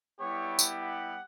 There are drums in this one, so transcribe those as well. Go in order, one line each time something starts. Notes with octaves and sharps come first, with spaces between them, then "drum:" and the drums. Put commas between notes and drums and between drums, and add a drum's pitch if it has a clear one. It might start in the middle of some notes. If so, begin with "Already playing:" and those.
G3 B3 E4 G4 C#5
drum: tambourine
F#5